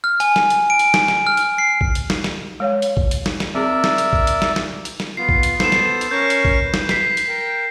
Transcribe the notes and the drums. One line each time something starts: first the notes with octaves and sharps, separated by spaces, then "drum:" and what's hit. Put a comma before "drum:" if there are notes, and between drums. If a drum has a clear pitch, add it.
F6
G#5, drum: hi-hat
drum: snare
drum: hi-hat
D7
drum: hi-hat
drum: snare
drum: snare
F6
drum: hi-hat
C7
drum: kick A#1
drum: hi-hat
drum: snare
drum: snare
G#3 C#5 F5
drum: hi-hat
drum: kick A#1
drum: hi-hat
drum: snare
drum: snare
C4 G#4 A#4 D5 E5
drum: snare
drum: hi-hat
drum: kick A#1
drum: hi-hat
drum: snare
drum: snare
drum: hi-hat
drum: snare
B3 F4 C7
drum: kick A#1
drum: hi-hat
B3 A4 C5 C7 E7, drum: snare
drum: snare
drum: hi-hat
C#4 A#4 C#6 G6
drum: hi-hat
drum: kick A#1
B4
drum: snare
B6 C7, drum: snare
drum: hi-hat
A#4 G5